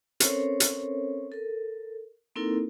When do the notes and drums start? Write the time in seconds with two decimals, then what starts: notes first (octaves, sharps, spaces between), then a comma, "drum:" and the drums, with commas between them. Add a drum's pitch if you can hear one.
0.20 C4 C#4 A4 A#4 C5 C#5, drum: hi-hat
0.60 drum: hi-hat
1.32 A4 A#4
2.36 A#3 C4 D#4 E4 A4 A#4